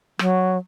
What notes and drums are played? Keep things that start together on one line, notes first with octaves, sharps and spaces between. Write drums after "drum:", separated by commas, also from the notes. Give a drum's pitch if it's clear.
F#3, drum: rim click